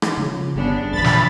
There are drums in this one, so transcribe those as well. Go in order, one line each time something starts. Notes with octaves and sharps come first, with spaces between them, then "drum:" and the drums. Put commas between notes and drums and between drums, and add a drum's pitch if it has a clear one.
drum: rim click
C#3 F3
G1 C#3 G3 B3 D4
A#1 E2 E3 F3 B5 A6
drum: snare